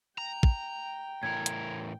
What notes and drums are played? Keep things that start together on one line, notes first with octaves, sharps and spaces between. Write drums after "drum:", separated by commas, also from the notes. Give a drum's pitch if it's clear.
G5 A#5
drum: kick
A2 E3 A#4 G#6
drum: hi-hat